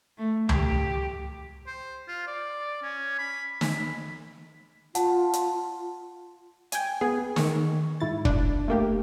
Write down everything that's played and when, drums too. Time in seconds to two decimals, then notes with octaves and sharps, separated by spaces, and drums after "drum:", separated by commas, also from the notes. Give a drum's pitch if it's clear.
0.18 A3
0.49 G4, drum: tom C#2
1.67 C5
2.08 F4
2.27 D5
2.82 C#4
3.18 B5
3.61 B5, drum: snare
4.95 F4 F#5 A5, drum: hi-hat
5.33 drum: hi-hat
6.72 G5 G#5, drum: hi-hat
7.01 B3 G#4
7.36 D#3 C#6, drum: snare
8.00 G#2 E4 A6
8.25 D4, drum: kick
8.68 A3 A#3 G4